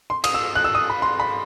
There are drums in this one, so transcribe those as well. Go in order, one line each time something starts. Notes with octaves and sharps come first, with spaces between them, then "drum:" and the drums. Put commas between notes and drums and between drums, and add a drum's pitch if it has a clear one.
C6
D#6, drum: cymbal
E6
F#6
E6
D#6
B5
C6
B5